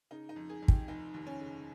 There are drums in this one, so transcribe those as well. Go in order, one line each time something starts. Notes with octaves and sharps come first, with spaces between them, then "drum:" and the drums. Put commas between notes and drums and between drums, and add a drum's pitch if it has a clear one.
C#3 D#4
D#4
F2
G#4
F2
G4, drum: kick
F1 D#4
D#2
C#4
C#3